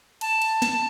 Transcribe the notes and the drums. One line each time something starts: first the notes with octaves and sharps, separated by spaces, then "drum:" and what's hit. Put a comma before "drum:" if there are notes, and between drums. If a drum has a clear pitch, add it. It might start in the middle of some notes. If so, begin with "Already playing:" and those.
A5, drum: cymbal
drum: cymbal
drum: snare